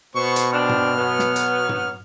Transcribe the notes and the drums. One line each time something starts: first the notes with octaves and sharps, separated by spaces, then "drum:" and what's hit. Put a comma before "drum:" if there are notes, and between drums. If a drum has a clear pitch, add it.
B2 B3 C5 C#6
drum: hi-hat
C4 D4 F6
drum: tom
F#3 B3
drum: snare
drum: hi-hat
drum: tom